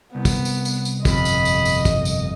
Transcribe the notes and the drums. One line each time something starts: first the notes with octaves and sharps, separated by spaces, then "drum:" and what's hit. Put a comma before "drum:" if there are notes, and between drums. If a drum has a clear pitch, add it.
C2 B3
drum: kick, tambourine
drum: tambourine
drum: tambourine
drum: tambourine
G1 F2 D#5 B5, drum: kick, tambourine
drum: tambourine
drum: tambourine
drum: tambourine
drum: kick, tambourine
drum: tambourine